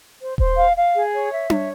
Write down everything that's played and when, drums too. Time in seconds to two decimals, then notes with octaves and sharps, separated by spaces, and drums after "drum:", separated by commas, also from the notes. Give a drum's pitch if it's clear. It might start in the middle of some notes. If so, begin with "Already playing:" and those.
0.20 C5
0.38 C5, drum: kick D#1
0.57 F5
0.75 F5
0.94 G#4
1.13 C#5
1.31 E5
1.50 C#5, drum: tom D4